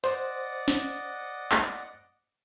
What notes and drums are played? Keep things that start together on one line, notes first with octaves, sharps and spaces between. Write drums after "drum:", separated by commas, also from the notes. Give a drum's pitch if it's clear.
C5 D5 D#5 F#5, drum: hi-hat
drum: snare
drum: clap